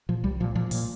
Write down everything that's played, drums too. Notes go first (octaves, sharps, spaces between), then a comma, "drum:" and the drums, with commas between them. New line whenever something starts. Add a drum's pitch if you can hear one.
A#2 F3
C2 G3
A#2 F3
A#2 F3
A#2, drum: open hi-hat